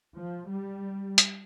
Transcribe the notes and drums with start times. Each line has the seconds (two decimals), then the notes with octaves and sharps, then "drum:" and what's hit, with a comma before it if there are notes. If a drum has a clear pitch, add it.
0.15 F3
0.50 G3
1.18 drum: hi-hat